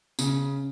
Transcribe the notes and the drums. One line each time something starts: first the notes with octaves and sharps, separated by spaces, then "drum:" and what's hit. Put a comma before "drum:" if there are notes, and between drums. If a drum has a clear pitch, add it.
C#3, drum: tambourine